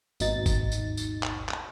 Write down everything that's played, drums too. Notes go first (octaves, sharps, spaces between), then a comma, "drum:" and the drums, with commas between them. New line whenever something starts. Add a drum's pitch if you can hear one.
G#1 D#2 B2 D#4 A6, drum: tambourine
drum: kick G1, tambourine
drum: tambourine
drum: tambourine
drum: clap
drum: clap